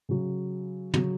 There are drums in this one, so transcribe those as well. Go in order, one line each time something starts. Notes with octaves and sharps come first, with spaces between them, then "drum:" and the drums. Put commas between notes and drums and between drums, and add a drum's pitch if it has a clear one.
C#3 F#3
C#3 F#3, drum: tom